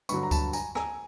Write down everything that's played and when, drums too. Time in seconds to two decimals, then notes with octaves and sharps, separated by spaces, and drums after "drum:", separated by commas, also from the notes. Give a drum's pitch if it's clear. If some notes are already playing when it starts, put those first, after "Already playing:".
0.09 G2 D3 F#3 B5 C#6, drum: tambourine
0.23 A#5
0.31 A5 B5, drum: kick D2, tambourine
0.53 G#5 A#5, drum: tambourine
0.75 G#5 A#5, drum: rim click